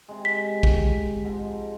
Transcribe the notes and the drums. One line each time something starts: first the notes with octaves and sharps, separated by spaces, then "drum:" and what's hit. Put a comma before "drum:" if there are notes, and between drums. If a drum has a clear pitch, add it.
C3 G#3
B6
drum: kick
G#2 F3 F4